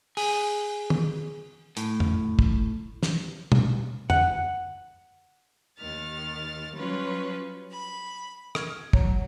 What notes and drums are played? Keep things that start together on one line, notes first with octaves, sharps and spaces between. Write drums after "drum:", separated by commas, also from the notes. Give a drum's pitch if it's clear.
G#4, drum: open hi-hat
drum: tom
A2, drum: hi-hat
drum: tom F2
drum: kick
drum: snare
drum: tom
F#5, drum: tom F2
D#2 D#3 F6 A6
F#3 G3 C#4 F4 B4 C#5
B5
C#6 F6 G#6, drum: rim click
F#3 C#5 A#5, drum: kick